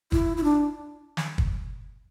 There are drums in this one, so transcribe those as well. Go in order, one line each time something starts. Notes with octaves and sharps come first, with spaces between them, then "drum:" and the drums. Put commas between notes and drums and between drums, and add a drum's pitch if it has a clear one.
E4, drum: kick
E4
D4
drum: snare
drum: kick